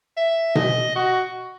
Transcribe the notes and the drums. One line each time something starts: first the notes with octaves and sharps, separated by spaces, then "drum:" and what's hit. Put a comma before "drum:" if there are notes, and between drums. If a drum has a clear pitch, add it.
E5
D#5, drum: tom B2
F#4